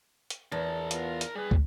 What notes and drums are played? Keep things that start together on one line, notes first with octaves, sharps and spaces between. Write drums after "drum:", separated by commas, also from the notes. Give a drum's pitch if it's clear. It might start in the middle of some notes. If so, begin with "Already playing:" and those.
drum: hi-hat
E2 A#4 A5
B3 F4, drum: hi-hat
drum: hi-hat
G3 G#4 B4
drum: kick